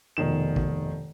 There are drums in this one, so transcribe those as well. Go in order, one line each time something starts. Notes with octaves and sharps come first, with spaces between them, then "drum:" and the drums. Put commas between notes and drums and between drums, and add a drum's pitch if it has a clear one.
F1 B2 D#3 E7
drum: kick A1